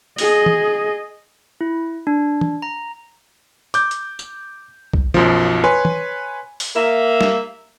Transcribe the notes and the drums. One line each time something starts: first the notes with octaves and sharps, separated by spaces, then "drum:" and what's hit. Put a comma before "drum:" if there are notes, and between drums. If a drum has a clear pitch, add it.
G#4 D#5, drum: open hi-hat
drum: tom
E4
D4
drum: tom
A#5
D6 G6, drum: hi-hat
drum: hi-hat
drum: tambourine
drum: kick
B1 F#2 F3, drum: tom
B4 C#5 G#5 C6
drum: tom
drum: open hi-hat
A#3 E5
drum: snare